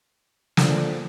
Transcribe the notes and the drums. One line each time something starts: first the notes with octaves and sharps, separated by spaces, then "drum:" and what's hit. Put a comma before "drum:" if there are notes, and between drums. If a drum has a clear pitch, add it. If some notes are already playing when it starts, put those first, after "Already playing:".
F3 A3 D4, drum: snare